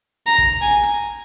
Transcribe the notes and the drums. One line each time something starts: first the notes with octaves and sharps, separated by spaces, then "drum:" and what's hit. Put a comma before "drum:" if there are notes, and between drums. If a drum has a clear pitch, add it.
A#5
drum: kick
G#5
drum: hi-hat